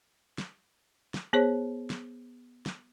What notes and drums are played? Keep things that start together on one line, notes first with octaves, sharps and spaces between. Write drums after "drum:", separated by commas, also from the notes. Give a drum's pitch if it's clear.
drum: snare
drum: snare
B3 G#4 C5 C#5
drum: snare
drum: snare